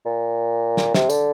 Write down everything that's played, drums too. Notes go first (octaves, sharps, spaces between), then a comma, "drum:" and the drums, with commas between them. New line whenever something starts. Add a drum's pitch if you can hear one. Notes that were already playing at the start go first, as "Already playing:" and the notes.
A#2
drum: snare
C3, drum: snare
D3, drum: tambourine